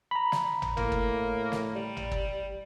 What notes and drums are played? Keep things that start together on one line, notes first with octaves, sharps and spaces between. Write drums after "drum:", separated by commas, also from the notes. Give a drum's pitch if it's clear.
A#5 B5
drum: snare
drum: tom
A2 A#3, drum: tom
drum: kick
drum: snare
G3
drum: tom
drum: kick